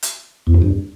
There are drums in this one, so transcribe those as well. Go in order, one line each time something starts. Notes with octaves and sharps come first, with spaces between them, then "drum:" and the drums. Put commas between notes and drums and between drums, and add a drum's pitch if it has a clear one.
drum: hi-hat
E2
F2
G2